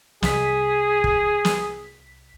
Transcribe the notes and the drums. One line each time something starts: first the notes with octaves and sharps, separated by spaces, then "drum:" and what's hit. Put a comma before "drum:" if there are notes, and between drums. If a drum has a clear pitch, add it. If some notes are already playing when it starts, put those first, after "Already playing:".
C2 G#4 B6, drum: snare
drum: kick
drum: snare